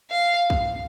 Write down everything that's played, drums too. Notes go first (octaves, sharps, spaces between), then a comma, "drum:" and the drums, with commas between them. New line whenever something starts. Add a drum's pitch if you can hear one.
F5
drum: kick